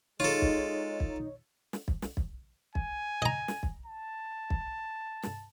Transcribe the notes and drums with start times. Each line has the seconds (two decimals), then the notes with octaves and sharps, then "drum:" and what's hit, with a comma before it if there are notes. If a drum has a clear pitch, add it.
0.20 G#3 D#4 F4 A4 C#5
0.42 drum: kick
1.00 drum: kick
1.73 drum: snare
1.88 drum: kick
2.02 drum: snare
2.17 drum: kick
2.75 G#5, drum: kick
3.22 D#5 A#5
3.48 drum: snare
3.63 drum: kick
3.86 A5
4.50 drum: kick
5.23 drum: snare